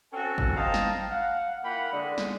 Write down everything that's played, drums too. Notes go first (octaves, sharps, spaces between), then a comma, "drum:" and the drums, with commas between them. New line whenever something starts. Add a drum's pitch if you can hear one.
C4 C#4 F#4 A4 G#5 A5
drum: kick
C5 D#5 F5 G5 A5 A#5
drum: snare
F5 F#5
A#3 E4 F4 F#5 G5 B5
D3 G#3
drum: snare